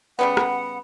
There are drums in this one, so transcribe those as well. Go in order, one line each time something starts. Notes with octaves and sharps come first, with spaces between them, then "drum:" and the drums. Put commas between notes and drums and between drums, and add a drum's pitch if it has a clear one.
C#3 G3 B3 F#5
drum: rim click